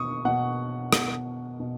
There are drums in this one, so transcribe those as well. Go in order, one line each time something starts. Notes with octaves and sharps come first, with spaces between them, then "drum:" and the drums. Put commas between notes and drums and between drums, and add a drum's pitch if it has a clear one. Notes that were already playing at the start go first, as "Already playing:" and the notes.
Already playing: B2 C#6 D#6
B2 F#5
B2, drum: rim click
B2